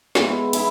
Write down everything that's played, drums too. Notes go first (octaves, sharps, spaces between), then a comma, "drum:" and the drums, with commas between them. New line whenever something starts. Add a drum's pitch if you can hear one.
G#3 B3 E4 G#4, drum: snare
E4 G#4, drum: cymbal